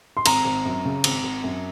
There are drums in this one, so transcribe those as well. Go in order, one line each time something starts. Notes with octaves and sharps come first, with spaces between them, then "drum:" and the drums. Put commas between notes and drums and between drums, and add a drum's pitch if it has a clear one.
C6
G#1 A#5, drum: cymbal
G#1
F#2
C#3
G#1, drum: cymbal
G#1
F#2